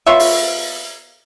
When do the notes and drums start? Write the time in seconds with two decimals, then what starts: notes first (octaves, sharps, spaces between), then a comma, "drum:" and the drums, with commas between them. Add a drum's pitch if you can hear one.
0.07 B3 F4 C#5 E5
0.20 drum: open hi-hat